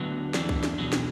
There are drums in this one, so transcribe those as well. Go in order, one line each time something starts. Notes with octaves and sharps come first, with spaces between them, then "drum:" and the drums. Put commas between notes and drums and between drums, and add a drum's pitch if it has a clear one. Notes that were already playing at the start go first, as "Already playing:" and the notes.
Already playing: D2 D3 F#3 B3
E2 E3 D4, drum: snare
drum: kick
drum: snare
E2 B2 F#3
drum: snare